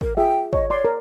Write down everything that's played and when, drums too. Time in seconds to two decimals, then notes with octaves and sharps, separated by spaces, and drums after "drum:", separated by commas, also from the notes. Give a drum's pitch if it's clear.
0.01 A#4, drum: kick
0.17 F4 G#4 E5 G5
0.53 C#5 D#5, drum: kick
0.70 C#5 D5 C6
0.85 A#4